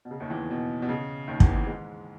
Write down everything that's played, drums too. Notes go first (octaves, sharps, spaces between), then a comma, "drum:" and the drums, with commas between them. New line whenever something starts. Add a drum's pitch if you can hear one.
B2
C#3
D#2 D#3
E2 E3
B2
B2
C#3
D#2 D#3
E2 E3, drum: kick
E2 E3
G#2 G#3